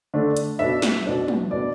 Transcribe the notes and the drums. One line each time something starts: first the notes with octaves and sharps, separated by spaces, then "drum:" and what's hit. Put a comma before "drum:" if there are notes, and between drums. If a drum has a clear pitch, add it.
D3 A3 D4
drum: hi-hat
B2 B3 D4 E5
drum: snare
B2 B3 D4
drum: tom
B2 B3 D4 D5